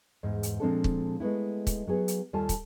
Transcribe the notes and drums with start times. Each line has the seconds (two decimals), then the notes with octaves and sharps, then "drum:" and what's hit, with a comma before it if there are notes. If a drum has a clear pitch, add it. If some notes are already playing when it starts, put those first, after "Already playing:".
0.23 E2 G#2
0.43 drum: hi-hat
0.60 A#2 F3 G#3 C4 D4 A4
0.84 drum: kick
1.20 G#3 A3 B3 E4
1.67 drum: kick, hi-hat
1.87 F#3 B3 G#4
2.08 drum: hi-hat
2.33 D#2 G3 F4 A4 G#5 A5
2.49 drum: kick, hi-hat